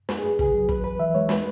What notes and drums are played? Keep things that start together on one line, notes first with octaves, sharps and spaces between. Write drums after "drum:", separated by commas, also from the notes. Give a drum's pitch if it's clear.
F#2 B4, drum: snare
G#4
F#2
C#3 G#4, drum: kick
F#3
E2 B4, drum: kick
E2 B4
E3 E5
G#3 C#5
B4, drum: snare